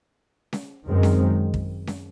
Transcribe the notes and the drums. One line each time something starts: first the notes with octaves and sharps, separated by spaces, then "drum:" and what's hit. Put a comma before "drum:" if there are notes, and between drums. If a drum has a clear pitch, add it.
drum: snare C#4
F#2 D#3 G#3 C4
drum: snare C#4
drum: kick
drum: snare C#4